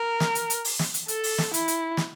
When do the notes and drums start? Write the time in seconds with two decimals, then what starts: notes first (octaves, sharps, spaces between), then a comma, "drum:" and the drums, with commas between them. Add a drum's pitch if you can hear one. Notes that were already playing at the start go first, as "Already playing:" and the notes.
Already playing: A#4
0.20 drum: snare
0.35 drum: hi-hat
0.50 drum: hi-hat
0.65 drum: open hi-hat
0.79 drum: snare
0.94 drum: hi-hat
1.08 A4, drum: hi-hat
1.24 drum: open hi-hat
1.38 drum: snare
1.54 E4, drum: hi-hat
1.68 drum: hi-hat
1.97 drum: snare